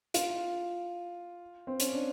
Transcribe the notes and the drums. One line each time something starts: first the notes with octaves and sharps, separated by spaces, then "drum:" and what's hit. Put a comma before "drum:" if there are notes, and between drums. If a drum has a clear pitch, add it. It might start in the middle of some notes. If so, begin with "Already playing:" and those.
F4, drum: hi-hat
C4
C#4, drum: hi-hat
D4